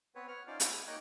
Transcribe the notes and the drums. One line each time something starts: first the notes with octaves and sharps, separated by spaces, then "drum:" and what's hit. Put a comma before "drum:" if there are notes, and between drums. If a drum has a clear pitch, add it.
B3 C4 B4 C#5
C#5 F#5 F6
C#4 D#4 F4 C5 D5
C#4 E4 C5 C#5 F#5 G5, drum: hi-hat
D#6
A#3 D#4 C#5 D#5 G5 F#6